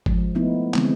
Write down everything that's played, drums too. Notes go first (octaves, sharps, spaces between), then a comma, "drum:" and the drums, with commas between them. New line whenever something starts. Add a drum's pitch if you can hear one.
F3 G#3, drum: kick G#1
F3 A3 B3 D#4 E4
D3 E3 G#3 B3 C4, drum: clap